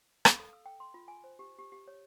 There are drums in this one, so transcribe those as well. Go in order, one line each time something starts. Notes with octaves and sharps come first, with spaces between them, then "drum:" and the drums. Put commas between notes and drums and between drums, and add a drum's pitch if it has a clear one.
F5, drum: rim click
A4
E6
G5
C6
F4
G#5
C5
G4
G4
G4
C#5